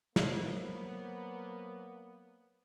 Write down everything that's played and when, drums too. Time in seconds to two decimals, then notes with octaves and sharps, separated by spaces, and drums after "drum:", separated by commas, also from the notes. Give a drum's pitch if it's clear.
0.16 F#3 A#3 B3 C5 C#5, drum: snare